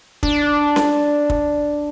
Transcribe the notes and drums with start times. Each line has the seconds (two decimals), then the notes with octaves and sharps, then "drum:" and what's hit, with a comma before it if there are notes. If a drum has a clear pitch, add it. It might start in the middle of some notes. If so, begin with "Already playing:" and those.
0.23 D4, drum: kick
0.76 drum: snare C#4
1.30 drum: kick